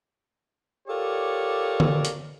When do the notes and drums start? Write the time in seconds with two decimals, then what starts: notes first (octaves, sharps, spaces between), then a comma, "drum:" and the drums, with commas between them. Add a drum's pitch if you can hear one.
0.88 F4 G4 A4 A#4 C#5 D5
1.80 drum: tom D3
2.05 drum: hi-hat